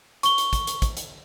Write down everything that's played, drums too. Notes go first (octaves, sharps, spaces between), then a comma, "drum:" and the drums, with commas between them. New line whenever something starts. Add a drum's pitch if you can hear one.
C#6 G7, drum: hi-hat
drum: hi-hat
drum: kick, hi-hat
drum: hi-hat
drum: kick, hi-hat
drum: hi-hat